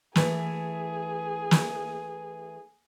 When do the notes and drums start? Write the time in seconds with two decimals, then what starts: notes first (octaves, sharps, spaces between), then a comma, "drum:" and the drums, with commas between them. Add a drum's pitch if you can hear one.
0.16 E3 A3 G#4, drum: snare
1.51 drum: snare